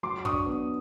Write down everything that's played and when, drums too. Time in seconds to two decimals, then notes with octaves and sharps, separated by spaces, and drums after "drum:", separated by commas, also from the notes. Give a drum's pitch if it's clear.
0.03 F#3 C6 D6
0.25 D4 C#6 D#6, drum: kick
0.46 B3